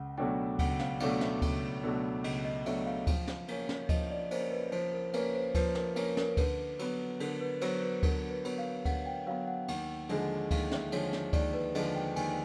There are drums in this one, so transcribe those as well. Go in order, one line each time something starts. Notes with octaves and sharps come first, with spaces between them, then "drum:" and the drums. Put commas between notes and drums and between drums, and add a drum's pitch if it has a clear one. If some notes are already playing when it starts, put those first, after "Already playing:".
Already playing: C#2 F#5
B2 F#3 A3 D4 G5
C#2 F#5, drum: kick D2, cymbal
F5, drum: snare
B2 F#3 A3 D4 F5, drum: cymbal
E5, drum: snare
C#2, drum: kick D2, cymbal
B2 F#3 A3 D4
C#2 D#5, drum: cymbal
D#5
B2 F#3 A3 D4 E5, drum: cymbal
F5
F3, drum: kick D2, cymbal
drum: snare
A#3 C#4, drum: cymbal
drum: snare
F3 D#5, drum: kick D2, cymbal
D5
A#3 C#4 C5, drum: cymbal
B4
F3 C5, drum: cymbal
A#4
A#3 C#4 B4, drum: cymbal
C5
F3 B4, drum: kick D2, cymbal
A#4, drum: snare
A#3 C#4 A#4, drum: cymbal
A#4, drum: snare
D3 B4, drum: kick D2, cymbal
F#3 B3, drum: cymbal
D3 A#4, drum: cymbal
B4
F#3 B3 C5, drum: cymbal
B4
D3 A#4, drum: kick D2, cymbal
B4
F#3 B3, drum: cymbal
F5
D3 F#5, drum: kick D2, cymbal
G5
F#3 B3 F5
F#5
D#2 F#5, drum: cymbal
D3 F3 G#3, drum: cymbal
D#2 F5, drum: kick D2, cymbal
E5, drum: snare
D3 F3 G#3 C#5, drum: cymbal
drum: snare
D#2 D5, drum: kick D2, cymbal
B4
D3 F3 G#3 D#5, drum: cymbal
G5
D#2 G#5, drum: cymbal